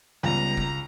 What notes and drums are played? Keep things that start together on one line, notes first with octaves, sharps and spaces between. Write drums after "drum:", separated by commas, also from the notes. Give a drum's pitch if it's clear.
C#2 G3 B3 A#5
drum: kick F1